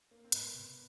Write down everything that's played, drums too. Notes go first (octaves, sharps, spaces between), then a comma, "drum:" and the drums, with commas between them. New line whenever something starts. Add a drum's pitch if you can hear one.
A#3
C4
G#2 B3, drum: hi-hat
C3